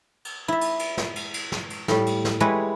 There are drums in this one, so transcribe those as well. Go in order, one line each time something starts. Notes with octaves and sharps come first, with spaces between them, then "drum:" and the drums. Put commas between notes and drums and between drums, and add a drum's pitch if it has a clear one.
drum: cymbal
E4 E5
drum: cymbal
drum: cymbal
drum: snare
drum: cymbal
drum: cymbal
drum: snare
drum: cymbal
A2 G3, drum: snare
drum: cymbal
drum: snare
G3 G#3 E4 G#4 B4 C#5